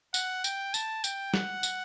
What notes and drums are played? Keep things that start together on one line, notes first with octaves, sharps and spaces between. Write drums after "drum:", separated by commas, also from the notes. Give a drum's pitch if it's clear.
F#5, drum: tambourine
G5, drum: tambourine
A5, drum: tambourine
G5, drum: tambourine
F#5, drum: snare
drum: tambourine